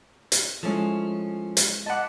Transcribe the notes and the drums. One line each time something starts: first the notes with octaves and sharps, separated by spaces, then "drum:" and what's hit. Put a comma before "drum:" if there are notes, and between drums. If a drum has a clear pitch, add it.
drum: hi-hat
F3 G#3 C#4 E4 A4
drum: hi-hat
D#5 F#5 A5 B5 D6